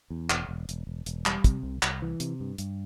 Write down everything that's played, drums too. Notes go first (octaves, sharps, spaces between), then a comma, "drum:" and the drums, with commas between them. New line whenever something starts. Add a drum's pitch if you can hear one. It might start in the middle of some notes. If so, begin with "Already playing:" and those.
E2
E1, drum: clap
E1
E1, drum: hi-hat
E1
E1, drum: hi-hat
G3, drum: clap
C3, drum: kick, hi-hat
C2
C2, drum: clap
E3
C3, drum: hi-hat
G2
G2, drum: hi-hat